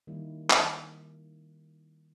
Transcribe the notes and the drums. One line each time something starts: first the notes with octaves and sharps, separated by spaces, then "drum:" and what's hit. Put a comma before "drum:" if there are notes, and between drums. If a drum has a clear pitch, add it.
D#3 G3 A#3 E4
drum: clap